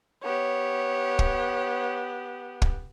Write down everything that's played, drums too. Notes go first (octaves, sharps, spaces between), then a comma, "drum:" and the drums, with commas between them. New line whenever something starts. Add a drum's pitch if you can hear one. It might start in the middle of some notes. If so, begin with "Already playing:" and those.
B3 G4 C#5
drum: kick
drum: kick